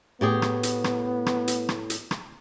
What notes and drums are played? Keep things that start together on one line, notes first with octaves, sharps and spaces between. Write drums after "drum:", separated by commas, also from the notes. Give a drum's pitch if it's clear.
A2 B3 G4 G#4
drum: rim click
drum: hi-hat
drum: rim click
drum: rim click
drum: hi-hat
drum: rim click
drum: hi-hat
drum: rim click